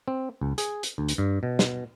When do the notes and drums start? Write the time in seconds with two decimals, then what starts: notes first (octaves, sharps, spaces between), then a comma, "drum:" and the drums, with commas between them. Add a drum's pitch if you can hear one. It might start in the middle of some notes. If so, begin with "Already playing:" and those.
0.08 C4
0.41 C#2
0.58 G#4, drum: hi-hat
0.83 drum: hi-hat
0.98 D2
1.08 drum: hi-hat
1.18 G2
1.43 B2
1.59 drum: snare